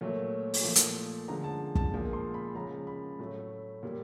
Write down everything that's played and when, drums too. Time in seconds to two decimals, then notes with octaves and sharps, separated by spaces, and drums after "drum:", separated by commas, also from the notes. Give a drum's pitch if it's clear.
0.01 A#2 F#3 A3
0.54 drum: open hi-hat
0.64 A#2 F3 A3
0.76 drum: hi-hat
1.28 D3 F3 G#3 A#5
1.44 A5
1.75 A5, drum: kick
1.91 A#2 F3 G#3
2.13 C6
2.34 B5
2.55 C#3 F3 G#3 A#5
2.87 B5
3.19 A2 F#3 A3
3.83 A#2 G3